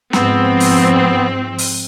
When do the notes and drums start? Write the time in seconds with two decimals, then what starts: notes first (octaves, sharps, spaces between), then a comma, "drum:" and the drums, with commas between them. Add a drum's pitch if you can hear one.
0.13 G#2 F3 B3 C4, drum: snare
0.60 drum: open hi-hat
1.58 drum: open hi-hat